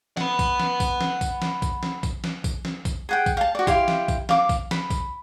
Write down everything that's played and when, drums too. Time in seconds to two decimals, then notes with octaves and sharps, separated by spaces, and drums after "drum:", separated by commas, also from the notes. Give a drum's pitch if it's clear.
0.17 F#5 B5, drum: snare
0.39 drum: kick, tambourine
0.60 drum: snare
0.80 drum: kick, tambourine
1.01 drum: snare
1.21 drum: kick, tambourine
1.42 drum: snare
1.62 drum: kick, tambourine
1.83 drum: snare
2.03 drum: kick, tambourine
2.24 drum: snare
2.44 drum: kick, tambourine
2.65 drum: snare
2.85 drum: kick, tambourine
3.09 G#4 F#5 G5
3.26 drum: kick, tambourine
3.37 F5 A5
3.55 F#4 D5
3.67 E4 G4 F5 C6, drum: kick, tambourine
3.88 drum: snare
4.08 drum: kick, tambourine
4.29 F5 D6, drum: snare
4.49 drum: kick, tambourine
4.71 B5, drum: snare
4.90 drum: kick, tambourine